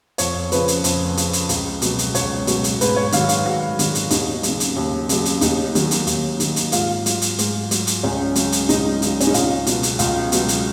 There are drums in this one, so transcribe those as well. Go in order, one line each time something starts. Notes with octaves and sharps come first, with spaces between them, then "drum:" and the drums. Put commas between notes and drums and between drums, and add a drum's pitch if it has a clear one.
F2 C#5, drum: hi-hat
C#3 F3 B4, drum: hi-hat
drum: hi-hat
F2, drum: hi-hat
C#3 F3, drum: hi-hat
drum: hi-hat
C#2, drum: hi-hat
B2 F#3, drum: hi-hat
drum: hi-hat
C#2 C#5, drum: hi-hat
B2 F#3, drum: hi-hat
drum: hi-hat
G#2 B4, drum: hi-hat
C#5
D#3 F#3 F5, drum: hi-hat
F5, drum: hi-hat
G#2 F#4
D#3 F#3, drum: hi-hat
drum: hi-hat
D#2 D#4, drum: hi-hat
F#3, drum: hi-hat
C#3
drum: hi-hat
D#2
C#3 F#3, drum: hi-hat
drum: hi-hat
D#2 D#4, drum: hi-hat
D#3 F#3, drum: hi-hat
drum: hi-hat
D#2, drum: hi-hat
D#3 F#3, drum: hi-hat
drum: hi-hat
G#2 F4, drum: hi-hat
F#3, drum: hi-hat
drum: hi-hat
G#2, drum: hi-hat
F#3, drum: hi-hat
drum: hi-hat
C#2 C#4
C#3 F#3, drum: hi-hat
drum: hi-hat
C#2 D#4, drum: hi-hat
C#3 F#3, drum: hi-hat
C#4, drum: hi-hat
D#4
C#2 F4, drum: hi-hat
B2 F#3, drum: hi-hat
drum: hi-hat
C#2 F4, drum: hi-hat
B2 F#3, drum: hi-hat
drum: hi-hat